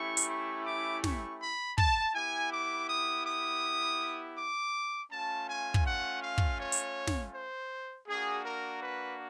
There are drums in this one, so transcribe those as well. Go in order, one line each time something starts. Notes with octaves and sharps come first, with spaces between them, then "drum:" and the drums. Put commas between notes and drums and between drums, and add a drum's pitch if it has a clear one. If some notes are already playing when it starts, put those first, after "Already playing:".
Already playing: A3 C#4 E4 G4 C#6
drum: hi-hat
C#6
D6
C#6, drum: snare
B5
A5, drum: kick
B3 E4 G4 G#5
D6
D#6
D#6
D6
A3 C#4 F4 A5
G#5
drum: kick
F#5
F5
drum: kick
C#5
drum: hi-hat
drum: snare
C5
A#3 D4 F#4 G#4
A#4
B4